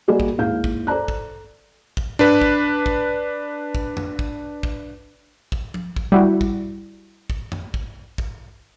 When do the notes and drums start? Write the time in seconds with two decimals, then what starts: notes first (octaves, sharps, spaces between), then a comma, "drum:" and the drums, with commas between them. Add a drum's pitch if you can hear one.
0.08 G3 A#3 F#4 G#4 D5 D#5
0.20 drum: kick
0.38 D#2 G#2 E4 F5 G6
0.64 drum: kick
0.87 A4 C5 D5 A#5 F#6
1.08 drum: kick
1.97 drum: kick
2.19 D4 B4, drum: tom G2
2.41 drum: kick
2.86 drum: kick
3.75 drum: kick
3.97 drum: tom F2
4.19 drum: kick
4.63 drum: kick
5.52 drum: kick
5.74 drum: tom
5.96 drum: kick
6.12 G3 E4 F#4
6.41 drum: kick
7.30 drum: kick
7.52 drum: tom F2
7.74 drum: kick
8.18 drum: kick